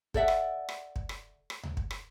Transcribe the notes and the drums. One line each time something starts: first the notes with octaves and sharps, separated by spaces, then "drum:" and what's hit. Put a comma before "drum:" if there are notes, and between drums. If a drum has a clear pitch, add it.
A4 D5 E5 F#5, drum: kick
drum: rim click
drum: rim click
drum: kick
drum: rim click
drum: rim click
drum: tom D2
drum: kick
drum: rim click